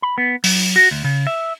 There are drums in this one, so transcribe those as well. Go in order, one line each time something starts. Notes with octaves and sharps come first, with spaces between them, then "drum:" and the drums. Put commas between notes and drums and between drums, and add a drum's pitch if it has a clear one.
B5
B3
F#3, drum: open hi-hat
F#4
D2
C#3
E5